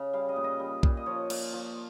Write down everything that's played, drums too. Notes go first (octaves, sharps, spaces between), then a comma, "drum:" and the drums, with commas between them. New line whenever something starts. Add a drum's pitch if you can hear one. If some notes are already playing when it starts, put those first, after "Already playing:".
Already playing: C#3
G3 F5
D#5
A#2
D#5
G3
A#2, drum: kick B1
D#5
F3 C#5
A#2, drum: cymbal
F3